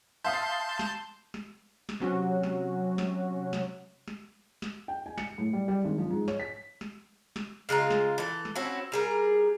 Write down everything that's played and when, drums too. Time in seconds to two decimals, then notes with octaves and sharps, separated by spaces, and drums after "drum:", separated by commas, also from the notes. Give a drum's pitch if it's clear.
0.24 E5 F5 A5 C6 D#6 G6
0.79 drum: snare
1.34 drum: snare
1.89 drum: snare
2.00 C3 F#3 C#4 F#4
2.43 drum: snare
2.98 drum: snare
3.53 drum: snare
4.08 drum: snare
4.62 drum: snare
4.88 G5
5.06 G#5
5.18 C#7, drum: snare
5.38 A2
5.53 G3
5.68 G3
5.85 G#1
5.98 F3
6.10 G#2
6.28 C#5, drum: snare
6.40 B6
6.81 drum: snare
7.36 drum: snare
7.69 C#3 G#3 F4 A#5
7.90 drum: snare
8.18 E3 A4
8.45 drum: snare
8.55 C4 C#4 E4 F#4
8.92 G3 G#4 A#4